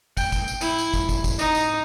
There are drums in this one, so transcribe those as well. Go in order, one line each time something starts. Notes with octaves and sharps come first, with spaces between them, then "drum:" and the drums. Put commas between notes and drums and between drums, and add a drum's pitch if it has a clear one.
G5, drum: kick, tambourine
drum: kick, tambourine
drum: tambourine
E4, drum: tambourine
drum: tambourine
drum: kick, tambourine
drum: kick, tambourine
drum: kick, tambourine
D#4, drum: tambourine
drum: tambourine